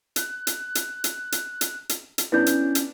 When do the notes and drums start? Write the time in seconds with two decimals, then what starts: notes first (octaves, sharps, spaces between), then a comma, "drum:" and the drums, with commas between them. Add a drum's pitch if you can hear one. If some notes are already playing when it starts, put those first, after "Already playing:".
0.16 F#6, drum: hi-hat
0.47 drum: hi-hat
0.75 drum: hi-hat
1.04 drum: hi-hat
1.32 drum: hi-hat
1.61 drum: hi-hat
1.89 drum: hi-hat
2.18 drum: hi-hat
2.32 B3 C#4 D4 E4 G6
2.46 drum: hi-hat
2.75 drum: hi-hat